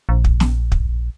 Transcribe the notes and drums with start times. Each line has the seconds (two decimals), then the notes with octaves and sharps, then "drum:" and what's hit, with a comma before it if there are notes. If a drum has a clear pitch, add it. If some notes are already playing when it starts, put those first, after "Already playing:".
0.09 A#1
0.24 drum: kick
0.40 drum: snare
0.72 drum: kick